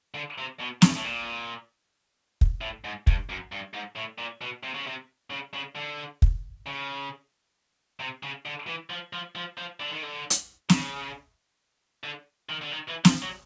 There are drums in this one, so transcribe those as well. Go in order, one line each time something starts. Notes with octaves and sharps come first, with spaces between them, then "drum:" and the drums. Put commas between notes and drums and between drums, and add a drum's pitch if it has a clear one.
D3
C3
B2
A2, drum: snare
A2
A#2
drum: kick
A2
G#2
G2, drum: kick
F#2
G2
G#2
A2
A#2
B2
C3
C#3
C3
C#3
C#3
D3
drum: kick
C#3
C3
C#3
D3
E3
F3
F3
F3
F3
D3
D#3
D3
drum: hi-hat
C#3, drum: snare
D3
D#3
D3
D#3
E3
F3, drum: snare
F#3